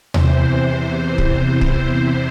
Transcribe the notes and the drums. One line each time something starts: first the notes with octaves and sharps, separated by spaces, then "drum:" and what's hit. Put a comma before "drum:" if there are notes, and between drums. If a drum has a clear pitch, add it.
E2 C3 E3 C5, drum: tom D#2
drum: kick
drum: kick